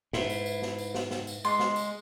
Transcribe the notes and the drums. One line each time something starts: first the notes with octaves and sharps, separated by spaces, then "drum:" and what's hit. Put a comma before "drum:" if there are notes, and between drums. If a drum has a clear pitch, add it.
G#2 D#4 E4 B4, drum: snare
drum: tambourine
drum: tambourine
drum: snare
drum: tambourine
drum: snare
drum: snare
drum: tambourine
G#3 C6, drum: tambourine
drum: snare
drum: tambourine